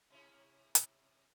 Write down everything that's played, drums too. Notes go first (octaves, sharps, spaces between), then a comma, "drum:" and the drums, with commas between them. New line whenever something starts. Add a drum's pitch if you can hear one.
C3 C#4 E4
drum: hi-hat